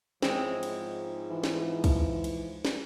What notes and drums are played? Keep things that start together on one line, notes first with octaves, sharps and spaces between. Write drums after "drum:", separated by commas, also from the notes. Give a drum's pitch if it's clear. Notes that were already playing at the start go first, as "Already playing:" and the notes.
G#2 F3 G#3 C4 E4 C#5, drum: snare
drum: cymbal
E3
drum: snare
drum: kick, cymbal
drum: cymbal
drum: snare